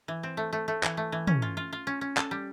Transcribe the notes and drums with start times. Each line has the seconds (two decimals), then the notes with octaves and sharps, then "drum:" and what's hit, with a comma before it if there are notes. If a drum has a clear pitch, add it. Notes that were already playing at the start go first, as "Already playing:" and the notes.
0.08 E3
0.23 C4
0.37 A3
0.53 A3
0.68 A3
0.83 E3, drum: clap
0.97 A3
1.12 E3
1.27 C#4, drum: tom
1.42 F4
1.57 F4
1.73 F4
1.87 C#4
2.01 C#4
2.17 A4, drum: clap
2.31 G3